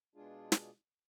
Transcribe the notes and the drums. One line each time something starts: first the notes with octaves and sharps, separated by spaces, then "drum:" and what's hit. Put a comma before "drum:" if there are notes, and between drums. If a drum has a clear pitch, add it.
B2 G#3 D4 F4 G#4
drum: snare